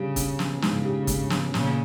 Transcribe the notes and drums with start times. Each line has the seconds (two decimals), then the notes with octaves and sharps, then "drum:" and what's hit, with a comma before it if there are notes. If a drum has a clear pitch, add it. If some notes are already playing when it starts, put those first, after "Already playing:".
Already playing: C#3 G3 G4
0.16 C#4, drum: kick, hi-hat
0.39 C#4, drum: snare
0.62 G#2 C#3, drum: snare
0.85 G4
1.07 G#2, drum: kick, hi-hat
1.30 C#4, drum: snare
1.54 A#2 C#3, drum: snare